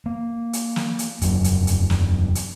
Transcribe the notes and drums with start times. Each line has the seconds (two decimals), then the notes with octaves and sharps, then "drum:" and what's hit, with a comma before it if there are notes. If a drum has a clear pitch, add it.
0.06 A#3
0.53 drum: hi-hat
0.76 drum: snare
0.99 drum: hi-hat
1.22 E1 F#2 F#3, drum: kick, hi-hat
1.44 drum: hi-hat
1.67 drum: hi-hat
1.90 drum: snare
2.35 drum: hi-hat